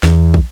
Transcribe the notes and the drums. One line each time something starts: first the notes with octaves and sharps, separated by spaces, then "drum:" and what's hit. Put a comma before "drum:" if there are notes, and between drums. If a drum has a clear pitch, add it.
E2, drum: snare
drum: kick